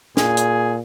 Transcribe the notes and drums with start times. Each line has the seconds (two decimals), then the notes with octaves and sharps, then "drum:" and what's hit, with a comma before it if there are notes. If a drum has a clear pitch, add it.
0.17 A#2 G#4, drum: snare
0.37 drum: hi-hat